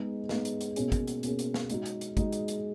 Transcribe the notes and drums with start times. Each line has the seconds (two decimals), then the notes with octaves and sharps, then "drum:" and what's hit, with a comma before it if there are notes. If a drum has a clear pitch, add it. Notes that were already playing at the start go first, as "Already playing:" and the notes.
Already playing: G#3 B3 D#4
0.29 G#3 B3 D#4, drum: snare
0.45 drum: hi-hat
0.61 drum: hi-hat
0.76 B2 A#3 C#4 G#4, drum: hi-hat
0.92 drum: kick, hi-hat
1.07 drum: hi-hat
1.23 B2 A#3 C#4 G#4, drum: hi-hat
1.39 drum: hi-hat
1.54 drum: snare
1.70 G#3 D#4 F#4, drum: hi-hat
1.86 drum: hi-hat
2.01 drum: hi-hat
2.17 G#3 D#4 F#4, drum: kick, hi-hat
2.32 drum: hi-hat
2.48 drum: hi-hat